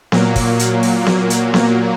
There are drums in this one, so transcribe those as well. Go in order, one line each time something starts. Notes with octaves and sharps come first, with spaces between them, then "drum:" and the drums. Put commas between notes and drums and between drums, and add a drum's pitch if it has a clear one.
A#2 F#3 A#3, drum: snare B3
drum: kick, open hi-hat
drum: hi-hat
drum: open hi-hat
drum: snare B3
drum: hi-hat
drum: snare B3